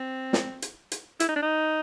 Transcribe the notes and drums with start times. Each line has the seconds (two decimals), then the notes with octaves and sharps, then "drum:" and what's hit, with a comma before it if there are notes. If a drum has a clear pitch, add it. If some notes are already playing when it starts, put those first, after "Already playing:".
Already playing: C4
0.33 drum: snare
0.62 drum: hi-hat
0.92 drum: hi-hat
1.20 E4, drum: hi-hat
1.29 D#4
1.36 D4
1.42 D#4